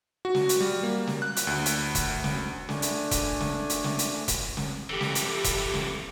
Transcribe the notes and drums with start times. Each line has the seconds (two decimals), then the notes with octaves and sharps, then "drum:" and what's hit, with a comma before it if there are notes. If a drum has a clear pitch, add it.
0.25 F#4
0.35 drum: snare
0.49 drum: hi-hat
0.61 G3
0.83 A#3
1.07 drum: snare
1.22 F#6
1.37 drum: hi-hat
1.47 D2
1.66 drum: hi-hat
1.95 drum: kick E1, hi-hat
2.24 drum: snare
2.69 A3 D4 G#5, drum: snare
2.82 drum: hi-hat
3.11 drum: kick E1, hi-hat
3.40 drum: snare
3.70 drum: hi-hat
3.84 drum: snare
3.99 drum: hi-hat
4.28 drum: kick E1, hi-hat
4.57 drum: snare
4.90 F2 E3 G4 A4
5.01 drum: snare
5.15 drum: hi-hat
5.44 drum: kick E1, hi-hat
5.73 drum: snare